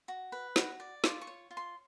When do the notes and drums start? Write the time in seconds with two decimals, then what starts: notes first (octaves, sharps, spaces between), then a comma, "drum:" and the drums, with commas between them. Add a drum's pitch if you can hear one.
0.08 F#4
0.32 B4
0.56 F#4, drum: snare
0.80 D5
1.04 F4 D6, drum: snare
1.21 C#6
1.27 C#5
1.51 F4
1.57 C6